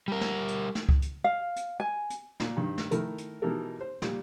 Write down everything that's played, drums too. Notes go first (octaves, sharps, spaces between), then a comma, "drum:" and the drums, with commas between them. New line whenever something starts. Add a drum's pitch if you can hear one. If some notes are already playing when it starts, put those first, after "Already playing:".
G3 A#4
drum: snare
drum: hi-hat
drum: snare
drum: kick C#2
drum: hi-hat
F5
drum: hi-hat
G#5
drum: hi-hat
A#2, drum: snare
G2 D#3
drum: snare
D#3 A3 E4 A#4, drum: hi-hat
drum: hi-hat
B2 E3 D#4 G4 A4 A#4
C5
A#2 G3, drum: snare